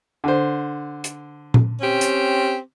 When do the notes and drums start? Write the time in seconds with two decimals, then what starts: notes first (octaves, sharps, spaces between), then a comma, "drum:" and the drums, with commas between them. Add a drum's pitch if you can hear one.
0.24 D3 C5
1.04 drum: hi-hat
1.54 drum: tom A#2
1.81 C4 C#4 G4
2.01 drum: hi-hat